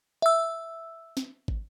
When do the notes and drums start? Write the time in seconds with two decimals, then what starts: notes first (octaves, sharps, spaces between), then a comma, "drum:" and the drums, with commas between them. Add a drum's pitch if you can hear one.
0.22 E5 E6
1.17 drum: snare
1.48 drum: kick